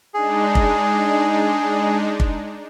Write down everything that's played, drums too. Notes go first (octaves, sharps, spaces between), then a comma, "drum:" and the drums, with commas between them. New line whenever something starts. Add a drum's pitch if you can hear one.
G#3 D4 D#4 G#4
drum: kick
drum: kick